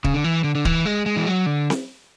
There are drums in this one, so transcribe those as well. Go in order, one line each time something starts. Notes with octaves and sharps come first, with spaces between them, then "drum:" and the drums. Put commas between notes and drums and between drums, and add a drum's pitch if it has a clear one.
C#3, drum: kick D1
D3
E3
D3
D3
E3, drum: kick D1
G#3
G#3
E3
F#3
D3
drum: snare C4